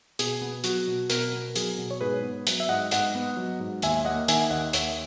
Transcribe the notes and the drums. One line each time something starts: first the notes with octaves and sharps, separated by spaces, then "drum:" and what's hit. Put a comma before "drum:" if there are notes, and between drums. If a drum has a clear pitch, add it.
B2 G#4, drum: hi-hat
B3
F#3 F#4, drum: hi-hat
B2
B2 F#4 A#4, drum: hi-hat
B3
F#3 G#4, drum: hi-hat
B2
C#5
G#2 G#4 B4
B3
F#3, drum: hi-hat
E5
G#2 D#5 F#5
G#2 D#5 F#5, drum: hi-hat
B3
F#3
G#2
D#2 E5 G#5, drum: hi-hat
A#3 D#5 F#5
D#3 E5 G#5, drum: hi-hat
D#2 D#5 F#5
D#2 C#5 E5, drum: hi-hat